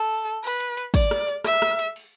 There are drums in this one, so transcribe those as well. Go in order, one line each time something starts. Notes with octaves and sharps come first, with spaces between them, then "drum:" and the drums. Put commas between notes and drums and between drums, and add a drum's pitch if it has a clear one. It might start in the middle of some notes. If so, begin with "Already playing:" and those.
Already playing: A4
B4, drum: open hi-hat
drum: hi-hat
drum: hi-hat
D5, drum: kick, hi-hat
drum: rim click
drum: hi-hat
E5, drum: rim click
drum: rim click
drum: hi-hat
drum: open hi-hat